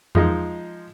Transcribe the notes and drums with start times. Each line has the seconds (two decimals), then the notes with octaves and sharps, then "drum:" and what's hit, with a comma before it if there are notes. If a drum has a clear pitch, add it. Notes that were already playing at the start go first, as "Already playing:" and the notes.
0.15 F3 G#3 D#4, drum: tom E2